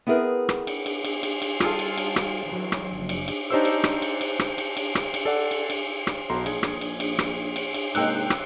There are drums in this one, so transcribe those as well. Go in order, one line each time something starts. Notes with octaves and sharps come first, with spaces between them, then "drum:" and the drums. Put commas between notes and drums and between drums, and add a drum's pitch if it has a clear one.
B3 C4 E4 G#4 A#4 B4
drum: rim click
drum: cymbal
drum: cymbal
drum: cymbal
drum: cymbal
drum: cymbal
G3 D#4 F4 F#4 G#4 A4, drum: rim click
drum: cymbal
drum: cymbal
drum: rim click
E3 F#3
drum: rim click
F#1 F3
drum: cymbal
drum: cymbal
D4 D#4 G4 C5 C#5 E6
drum: cymbal
drum: rim click
drum: cymbal
drum: cymbal
drum: rim click
drum: cymbal
drum: cymbal
drum: rim click
drum: cymbal
A4 D5 F#5
drum: cymbal
drum: cymbal
drum: rim click
B1 B2 A4 A#5 C6
A#1 G#4, drum: cymbal
drum: rim click
drum: cymbal
drum: cymbal
drum: rim click
drum: cymbal
drum: cymbal
G#2 C3 A#3 D#5 G5 E6 F#6, drum: cymbal
drum: rim click